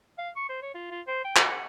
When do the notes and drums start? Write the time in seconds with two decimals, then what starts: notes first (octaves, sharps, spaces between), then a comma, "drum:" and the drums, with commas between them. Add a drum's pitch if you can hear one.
0.18 F5
0.36 C#6
0.49 C5
0.62 C#5
0.74 F4
0.91 F4
1.07 C5
1.24 G5
1.36 F#4, drum: clap
1.49 F#5